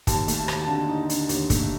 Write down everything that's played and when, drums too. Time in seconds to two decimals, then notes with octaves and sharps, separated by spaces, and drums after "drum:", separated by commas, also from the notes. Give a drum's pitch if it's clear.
0.07 D#2 A5, drum: kick, hi-hat
0.28 A3, drum: hi-hat
0.34 A5
0.48 D#2, drum: rim click
0.62 A5
0.68 D3
0.89 D#4
1.10 D3, drum: hi-hat
1.29 D#2, drum: hi-hat
1.50 A3, drum: kick, hi-hat